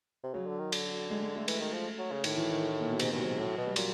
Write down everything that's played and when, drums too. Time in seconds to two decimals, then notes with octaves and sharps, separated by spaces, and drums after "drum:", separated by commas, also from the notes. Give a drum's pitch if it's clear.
0.24 C3
0.34 C#3 F#3
0.47 D3
0.59 D#3
0.72 D3, drum: cymbal
1.10 G#3
1.22 G#3
1.36 A3
1.48 E3, drum: cymbal
1.61 D#3
1.74 F3
1.99 F#3
2.11 C#3
2.24 A2 D#3, drum: cymbal
2.37 E3
2.51 D#3
2.80 A#2
2.90 B2
2.99 G#2 C3, drum: cymbal
3.12 G2
3.19 F#3
3.25 G#2
3.38 A2 F#3
3.57 B2
3.67 G3
3.76 A#2 F#3, drum: cymbal